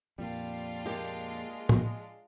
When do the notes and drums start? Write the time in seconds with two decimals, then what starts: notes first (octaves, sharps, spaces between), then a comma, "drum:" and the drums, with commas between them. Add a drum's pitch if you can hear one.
0.18 F2 A#2 G3 D4 F4
0.86 G#3 A#3 G4
1.69 drum: tom A2